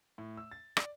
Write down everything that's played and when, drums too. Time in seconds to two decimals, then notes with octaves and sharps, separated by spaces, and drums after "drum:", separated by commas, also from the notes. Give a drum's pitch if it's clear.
0.18 A2
0.37 E6
0.52 A6
0.77 D5, drum: rim click